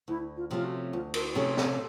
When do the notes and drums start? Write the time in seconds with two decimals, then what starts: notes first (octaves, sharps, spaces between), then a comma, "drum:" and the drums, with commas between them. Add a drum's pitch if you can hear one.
0.08 D2 E4
0.36 F4
0.51 C3 F3 A3 C#4 F4
0.64 F#4
0.93 D2 F4
1.14 A#4, drum: cymbal
1.35 C3 F3 A3 C#4 A4
1.57 A4, drum: snare